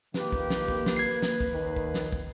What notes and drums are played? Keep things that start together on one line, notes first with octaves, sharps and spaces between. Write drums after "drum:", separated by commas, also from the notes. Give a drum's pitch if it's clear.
D#3 A#3 F4 G4 B4, drum: snare
drum: kick
drum: snare
drum: kick
drum: snare
G#6 C7
drum: snare
drum: kick
D#2 D#3
drum: kick
drum: snare
drum: kick